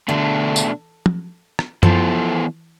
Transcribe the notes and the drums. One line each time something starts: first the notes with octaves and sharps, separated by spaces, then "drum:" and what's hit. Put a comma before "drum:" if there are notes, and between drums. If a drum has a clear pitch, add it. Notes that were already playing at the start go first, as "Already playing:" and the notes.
B2 D3 A3 D4
drum: tambourine
drum: tom
drum: rim click
E3 F3 B3 E4 A4 C5, drum: tom F#2